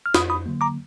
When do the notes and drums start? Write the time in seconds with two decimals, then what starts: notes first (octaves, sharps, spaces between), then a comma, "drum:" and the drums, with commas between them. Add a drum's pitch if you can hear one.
0.06 F6
0.15 F2 B5 D#6, drum: snare
0.30 B5 D#6
0.46 D3 F#3 A#3
0.61 A#5 D6